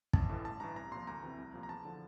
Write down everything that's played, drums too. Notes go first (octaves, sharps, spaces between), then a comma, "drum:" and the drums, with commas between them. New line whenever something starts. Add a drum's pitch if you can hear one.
A1 A5, drum: kick
A2 E3
G1 A5
G2 E3 A#5
C2 A#5
A#2 F3 C6
D2 A#5
C3 E3
C2
A#2 F3
A#5
E2 A5
D3 F3